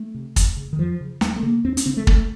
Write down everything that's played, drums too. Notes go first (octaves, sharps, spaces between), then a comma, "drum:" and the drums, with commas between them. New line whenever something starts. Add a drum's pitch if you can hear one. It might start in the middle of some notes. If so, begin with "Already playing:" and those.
Already playing: A3
C3
F2, drum: kick, hi-hat
C#3
D#3
F2 F3
C#3
D#2 A3, drum: snare
A3
C#3 A#3
D#2 C4
C#4, drum: hi-hat
C#3 C4
A3
C#2 A3, drum: kick